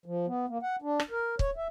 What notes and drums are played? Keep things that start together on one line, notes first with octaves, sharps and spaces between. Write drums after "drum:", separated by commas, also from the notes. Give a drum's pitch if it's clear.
F3
B3
A#3
F#5
D4
drum: rim click
A#4
C#5, drum: kick
E5